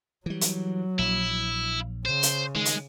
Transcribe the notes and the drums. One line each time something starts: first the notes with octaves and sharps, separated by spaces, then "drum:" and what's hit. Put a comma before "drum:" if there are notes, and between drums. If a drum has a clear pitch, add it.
E3 F#3 G3
drum: hi-hat
A#1 E4
C#3 C5
drum: hi-hat
D#3 G#3
drum: hi-hat